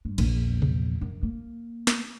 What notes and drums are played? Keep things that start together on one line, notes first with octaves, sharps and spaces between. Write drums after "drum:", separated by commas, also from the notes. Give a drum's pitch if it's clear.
G2
A#1 E2, drum: cymbal
drum: tom C3
F#2
A#3
drum: snare